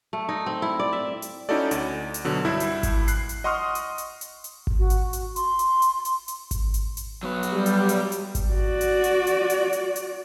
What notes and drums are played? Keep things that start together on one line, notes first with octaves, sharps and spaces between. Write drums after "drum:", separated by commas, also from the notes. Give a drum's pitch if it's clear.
A3
D#4
C4
E4
D5
E5
drum: hi-hat
C#4 D#4 E4 F#4 A4 D5
D2, drum: hi-hat
drum: hi-hat
B2 D3 F#3
C2 G2 E4 E5
drum: hi-hat
drum: kick G#1, hi-hat
F#6 C7, drum: hi-hat
drum: hi-hat
D#5 F#5 C6 C#6 D#6 F6
drum: hi-hat
drum: hi-hat
drum: hi-hat
drum: hi-hat
drum: kick G#1
F#4
drum: hi-hat
drum: hi-hat
C6, drum: hi-hat
drum: hi-hat
drum: hi-hat
drum: hi-hat
drum: hi-hat
drum: kick G#1, hi-hat
drum: hi-hat
drum: hi-hat
F#3 B3 B4
drum: hi-hat
G3
drum: hi-hat
drum: hi-hat
drum: hi-hat
drum: kick G#1, hi-hat
F#4 D5
drum: hi-hat
drum: hi-hat
drum: hi-hat
drum: hi-hat
drum: hi-hat
drum: hi-hat